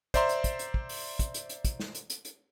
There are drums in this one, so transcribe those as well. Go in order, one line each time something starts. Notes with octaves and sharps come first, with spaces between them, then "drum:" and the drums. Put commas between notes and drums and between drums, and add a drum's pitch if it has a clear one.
C5 D5 E5 A#5 C6, drum: kick, hi-hat
drum: hi-hat
drum: kick, hi-hat
drum: hi-hat
drum: kick
drum: open hi-hat
drum: kick, hi-hat
drum: hi-hat
drum: hi-hat
drum: kick, hi-hat
drum: snare
drum: hi-hat
drum: hi-hat
drum: hi-hat